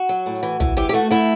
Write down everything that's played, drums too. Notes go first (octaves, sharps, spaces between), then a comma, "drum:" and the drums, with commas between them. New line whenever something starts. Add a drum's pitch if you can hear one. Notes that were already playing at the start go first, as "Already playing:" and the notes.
Already playing: F#4
F#3
A2
E3
E3, drum: tom
E3 G4
G4
A3 F#4
A3 E4